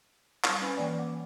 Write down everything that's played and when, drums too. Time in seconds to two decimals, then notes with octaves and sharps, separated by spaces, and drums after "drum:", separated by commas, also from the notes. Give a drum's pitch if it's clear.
0.44 G3 C5, drum: clap
0.61 C#4 B4 G#5 B5
0.76 E3 A#3 C#5 D5 G#5
0.98 F#5 D6